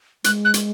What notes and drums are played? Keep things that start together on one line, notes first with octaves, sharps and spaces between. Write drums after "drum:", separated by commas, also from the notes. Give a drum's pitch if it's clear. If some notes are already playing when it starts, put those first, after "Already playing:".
G#3 F#6, drum: hi-hat
F#6
drum: hi-hat